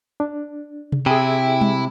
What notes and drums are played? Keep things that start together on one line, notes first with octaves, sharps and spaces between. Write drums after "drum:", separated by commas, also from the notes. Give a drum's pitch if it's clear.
D4
drum: tom C3
C3 E4 G#4 G5 G#5
drum: tom G3